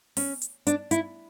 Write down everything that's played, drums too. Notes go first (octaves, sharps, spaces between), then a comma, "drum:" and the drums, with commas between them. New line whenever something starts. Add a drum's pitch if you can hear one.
C#4, drum: open hi-hat
drum: hi-hat
D4, drum: hi-hat
E4, drum: hi-hat